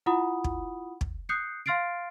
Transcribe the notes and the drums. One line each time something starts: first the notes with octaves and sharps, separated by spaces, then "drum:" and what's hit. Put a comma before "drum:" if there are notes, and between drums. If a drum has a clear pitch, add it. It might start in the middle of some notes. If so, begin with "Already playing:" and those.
E4 F4 F#5 B5 D#6
drum: kick
drum: kick
D#6 F#6 G6 C7 C#7
F5 C6 F6 A6 C7 D7